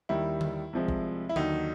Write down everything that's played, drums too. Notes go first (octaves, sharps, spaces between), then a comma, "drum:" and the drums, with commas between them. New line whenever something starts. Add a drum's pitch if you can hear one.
D#2 D#3 G3 E4
drum: tom D3
C2 C3 F3 G#3
drum: kick A1
E4
D#2 D3 F#3 D#4, drum: tom D3